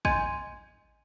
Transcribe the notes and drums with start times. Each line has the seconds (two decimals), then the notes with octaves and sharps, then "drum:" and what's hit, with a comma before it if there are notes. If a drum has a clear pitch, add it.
0.05 D#5 G#5 C6 G6 G#6 D#7, drum: kick